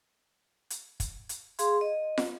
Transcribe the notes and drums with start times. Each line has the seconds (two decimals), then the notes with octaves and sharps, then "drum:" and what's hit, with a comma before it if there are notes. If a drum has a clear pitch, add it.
0.70 drum: hi-hat
1.00 drum: kick, hi-hat
1.29 drum: hi-hat
1.59 G#4 F5 C6, drum: hi-hat
1.81 D#5
2.18 drum: snare